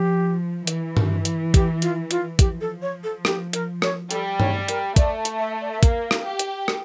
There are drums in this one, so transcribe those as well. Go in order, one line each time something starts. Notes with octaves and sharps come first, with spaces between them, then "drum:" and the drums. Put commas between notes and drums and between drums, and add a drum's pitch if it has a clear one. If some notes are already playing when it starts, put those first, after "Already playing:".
Already playing: F3 G4
E3, drum: hi-hat
drum: tom G2
drum: hi-hat
G4, drum: kick, hi-hat
F4, drum: hi-hat
F4, drum: hi-hat
F3 G4, drum: kick, hi-hat
A4
C#5
A4
G4, drum: rim click
A#4, drum: hi-hat
C#5, drum: rim click
G3 A4, drum: hi-hat
C#5, drum: tom G2
A#4, drum: hi-hat
A3 D5, drum: kick, hi-hat
drum: hi-hat
E5
D5
E5
A#3 F5, drum: kick, hi-hat
drum: rim click
G4
drum: hi-hat
drum: rim click